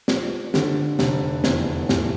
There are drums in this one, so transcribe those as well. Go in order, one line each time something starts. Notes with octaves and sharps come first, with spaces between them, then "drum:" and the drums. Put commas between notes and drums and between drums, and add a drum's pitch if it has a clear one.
F3, drum: snare
D3, drum: snare
F1, drum: snare
E2, drum: snare
A2, drum: snare